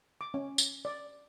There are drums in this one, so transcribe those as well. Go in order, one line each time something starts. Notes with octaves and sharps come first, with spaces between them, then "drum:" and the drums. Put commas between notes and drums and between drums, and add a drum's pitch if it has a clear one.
D6
C#4
drum: tambourine
D5